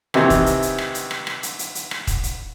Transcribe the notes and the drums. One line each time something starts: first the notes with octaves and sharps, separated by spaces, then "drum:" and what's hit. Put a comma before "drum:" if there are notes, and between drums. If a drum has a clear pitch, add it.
C3 D#3 E3, drum: rim click
drum: kick, hi-hat
drum: hi-hat
drum: hi-hat
drum: rim click
drum: hi-hat
drum: rim click
drum: rim click
drum: hi-hat
drum: hi-hat
drum: hi-hat
drum: rim click
drum: kick, hi-hat
drum: hi-hat